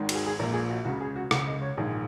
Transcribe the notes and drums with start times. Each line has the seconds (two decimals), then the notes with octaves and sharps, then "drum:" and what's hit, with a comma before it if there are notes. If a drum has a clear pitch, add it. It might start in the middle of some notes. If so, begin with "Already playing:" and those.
Already playing: G#1 G#2 D#3
0.09 F#4, drum: cymbal
0.15 G#4
0.27 G#4
0.39 A#1 A#2 A#4
0.54 G#4
0.69 F#4
0.85 C#2 C#3 F#4
1.01 G#4
1.16 F#4
1.31 C#2 C#3 F#5, drum: rim click
1.47 D#5
1.62 C#5
1.77 A#1 G#2 D#3 G#4